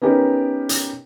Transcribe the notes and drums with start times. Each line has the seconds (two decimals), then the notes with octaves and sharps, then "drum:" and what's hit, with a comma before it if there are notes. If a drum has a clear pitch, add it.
0.02 B3 C#4 D#4 G4 A#4 B4
0.69 drum: hi-hat